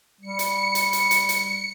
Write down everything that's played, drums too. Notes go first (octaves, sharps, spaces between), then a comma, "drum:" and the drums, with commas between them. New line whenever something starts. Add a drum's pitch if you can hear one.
G3 C#7
drum: hi-hat
drum: hi-hat
drum: hi-hat
drum: hi-hat
drum: hi-hat